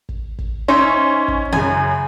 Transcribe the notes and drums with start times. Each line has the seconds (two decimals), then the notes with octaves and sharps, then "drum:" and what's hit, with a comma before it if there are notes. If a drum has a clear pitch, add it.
0.09 drum: kick
0.39 drum: kick
0.68 C#4 D#4 C5 E5
1.28 drum: kick
1.53 F#2 C#3 G#5